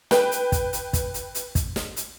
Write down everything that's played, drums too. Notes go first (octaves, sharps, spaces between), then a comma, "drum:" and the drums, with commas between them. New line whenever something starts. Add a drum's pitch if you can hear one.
B4 G5, drum: snare
drum: hi-hat
drum: kick, hi-hat
drum: hi-hat
drum: kick, hi-hat
drum: hi-hat
drum: hi-hat
drum: kick, hi-hat
drum: snare
drum: hi-hat